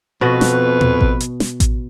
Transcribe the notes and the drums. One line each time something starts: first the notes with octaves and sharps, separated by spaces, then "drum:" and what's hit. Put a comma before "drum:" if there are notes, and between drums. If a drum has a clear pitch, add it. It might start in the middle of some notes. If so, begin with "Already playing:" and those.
F2 B2 F#4 B4 D#5
drum: snare
drum: tom A#2
drum: kick A1
drum: hi-hat
drum: snare
drum: kick A1, hi-hat